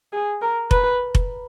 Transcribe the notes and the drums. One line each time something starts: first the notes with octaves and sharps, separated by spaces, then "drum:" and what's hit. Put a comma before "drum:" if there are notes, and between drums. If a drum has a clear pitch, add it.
G#4
A#4
B4, drum: kick F1
drum: kick F1